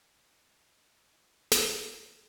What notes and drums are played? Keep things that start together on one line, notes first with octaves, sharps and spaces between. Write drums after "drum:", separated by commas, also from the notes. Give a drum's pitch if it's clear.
D#5
B3 D#4 F4, drum: snare